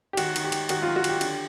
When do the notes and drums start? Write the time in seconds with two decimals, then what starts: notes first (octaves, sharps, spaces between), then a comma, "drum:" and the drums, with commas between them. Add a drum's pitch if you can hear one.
0.13 G4
0.17 D#3 F#4, drum: cymbal
0.36 D#3, drum: cymbal
0.44 G4
0.52 D#3, drum: cymbal
0.69 D#3 F#4, drum: cymbal
0.82 F#3 F4
0.96 F#4
1.04 D#3, drum: cymbal
1.09 G4
1.21 D3, drum: cymbal